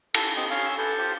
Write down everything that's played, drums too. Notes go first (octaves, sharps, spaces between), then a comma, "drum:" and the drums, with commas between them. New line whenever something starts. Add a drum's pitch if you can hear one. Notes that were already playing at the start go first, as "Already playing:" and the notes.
A4, drum: cymbal
C4 D#5
C#4 F5 G#5
E6
A4 B4 G#5 G6
F4 G4 C5